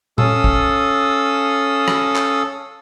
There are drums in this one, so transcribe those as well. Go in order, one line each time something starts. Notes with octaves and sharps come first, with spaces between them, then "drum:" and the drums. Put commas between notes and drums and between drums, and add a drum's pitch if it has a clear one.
C#4 A4 F5 D#6 E6, drum: tom A#2
drum: kick
drum: rim click
drum: clap